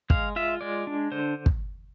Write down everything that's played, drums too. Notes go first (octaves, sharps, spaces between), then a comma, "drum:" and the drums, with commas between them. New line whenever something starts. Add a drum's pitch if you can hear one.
G#3 F5, drum: kick
F4 E5
G#3 D5
D4
D3 C5
drum: kick